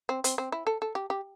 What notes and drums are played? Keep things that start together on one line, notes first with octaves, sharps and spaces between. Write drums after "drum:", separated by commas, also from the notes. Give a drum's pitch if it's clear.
C4
C4, drum: hi-hat
C4
E4
A4
A4
G4
G4